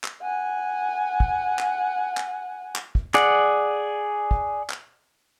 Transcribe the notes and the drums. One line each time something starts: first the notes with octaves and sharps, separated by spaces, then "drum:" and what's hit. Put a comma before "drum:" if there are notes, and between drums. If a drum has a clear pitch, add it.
drum: clap
F#5 G#5
drum: kick
drum: clap
drum: clap
drum: clap
drum: kick
G#4 D5 F#5, drum: clap
drum: kick
drum: clap